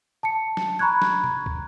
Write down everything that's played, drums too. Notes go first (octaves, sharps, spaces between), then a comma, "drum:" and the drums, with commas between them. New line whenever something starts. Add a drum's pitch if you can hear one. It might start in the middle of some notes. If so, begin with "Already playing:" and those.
A5 C#7
drum: snare
A#5 B5 C#6 F#6 G#6
drum: snare
drum: tom B2
drum: kick